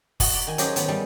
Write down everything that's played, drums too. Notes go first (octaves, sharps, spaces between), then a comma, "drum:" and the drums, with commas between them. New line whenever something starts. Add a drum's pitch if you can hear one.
F#4 D#5, drum: kick, open hi-hat
D5 A#5
D#3 G#5
F#3 C#4 G4 G#4 C5 D#5, drum: hi-hat
D#3 F3 B3, drum: hi-hat
G3 D#4